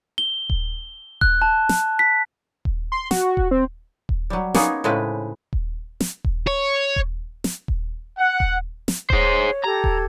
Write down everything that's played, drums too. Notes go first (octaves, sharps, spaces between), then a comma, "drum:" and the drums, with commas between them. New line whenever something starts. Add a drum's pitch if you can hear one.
G7
drum: kick D#1
F#6, drum: kick D#1
A5
drum: snare
B6
drum: kick D#1
C6
F#4, drum: snare
drum: kick D#1
C4
drum: kick D#1
F#3 G3
A#3 B3 C#4 D#4 G#4, drum: snare
A2 C#3 G#3 C4 B4
drum: kick D#1
drum: snare
drum: kick D#1
C#5
drum: kick D#1
drum: snare
drum: kick D#1
F#5
drum: kick D#1
drum: snare
G#4 C5 C#5, drum: kick D#1
G4 A4 A#5 G#6
drum: kick D#1